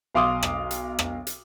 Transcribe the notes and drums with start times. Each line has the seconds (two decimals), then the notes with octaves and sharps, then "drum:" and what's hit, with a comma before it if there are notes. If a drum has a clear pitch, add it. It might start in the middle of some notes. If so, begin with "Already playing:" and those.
0.15 B1 F5 C6 D6 D#6
0.43 drum: rim click
0.71 drum: hi-hat
0.99 drum: rim click
1.27 drum: hi-hat